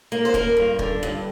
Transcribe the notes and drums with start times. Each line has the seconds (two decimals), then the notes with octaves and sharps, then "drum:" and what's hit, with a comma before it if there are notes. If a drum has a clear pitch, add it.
0.12 A#3
0.25 C5
0.34 A#3 A#4, drum: kick
0.57 G2
0.79 D3, drum: kick
1.03 G2